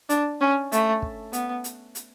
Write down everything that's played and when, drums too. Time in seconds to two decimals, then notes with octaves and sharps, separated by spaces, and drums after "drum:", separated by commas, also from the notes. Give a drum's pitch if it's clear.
0.09 D4, drum: hi-hat
0.41 C#4
0.72 A3, drum: hi-hat
1.02 drum: kick
1.33 B3, drum: hi-hat
1.64 drum: hi-hat
1.95 drum: hi-hat